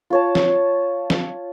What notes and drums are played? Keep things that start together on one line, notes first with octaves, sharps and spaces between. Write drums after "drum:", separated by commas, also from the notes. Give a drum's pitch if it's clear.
F4 C#5 A5
drum: snare
drum: snare